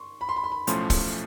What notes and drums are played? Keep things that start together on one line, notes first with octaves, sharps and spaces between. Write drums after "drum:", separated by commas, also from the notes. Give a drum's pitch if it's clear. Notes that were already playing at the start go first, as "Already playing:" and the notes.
Already playing: C6 C#6
B5
C6
B5
C6
B5
B1 A2 F3 A3 C#4 C6, drum: hi-hat
drum: kick, open hi-hat